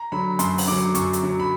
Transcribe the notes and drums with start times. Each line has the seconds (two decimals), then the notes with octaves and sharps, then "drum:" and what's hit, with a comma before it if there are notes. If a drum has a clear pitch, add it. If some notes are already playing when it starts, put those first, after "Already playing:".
Already playing: A#5
0.12 D3 F#3 B5
0.39 F#2 C6, drum: hi-hat
0.58 drum: open hi-hat
0.68 D3 F#3 D6
0.95 F#2 C#6, drum: hi-hat
1.13 drum: hi-hat
1.23 D3 F#3
1.40 B5